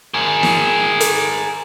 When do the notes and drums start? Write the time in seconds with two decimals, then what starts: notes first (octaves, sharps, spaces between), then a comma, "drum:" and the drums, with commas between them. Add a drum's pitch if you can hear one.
0.14 G#4 A#4
0.43 drum: snare
1.00 drum: hi-hat